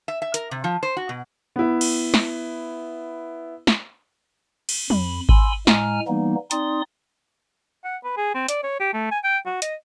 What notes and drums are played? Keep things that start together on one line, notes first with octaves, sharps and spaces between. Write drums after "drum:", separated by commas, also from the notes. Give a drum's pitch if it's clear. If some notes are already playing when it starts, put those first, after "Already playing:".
E5
E5
A#4, drum: hi-hat
C3
F3
C5
F#4
B2
B3 E4
drum: cymbal
drum: snare
drum: snare
drum: cymbal
F2 B5, drum: tom F3
G#5 B5 C6 E6, drum: kick G#1
A2 G#3 G#5 A#5 F6, drum: snare
E3 G3 A#3 B3 D#4
C4 D#4 D5 C6 D#6, drum: hi-hat
F#5
B4
G#4
C4
D5, drum: hi-hat
C#5
G4
A3
G#5
G5
F#4
D#5, drum: hi-hat